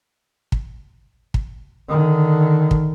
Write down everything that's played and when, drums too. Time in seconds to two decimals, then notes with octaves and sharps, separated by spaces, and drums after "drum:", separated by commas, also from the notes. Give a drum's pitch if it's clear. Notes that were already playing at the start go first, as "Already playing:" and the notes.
0.52 drum: kick
1.34 drum: kick
1.89 D3 D#3
2.71 drum: kick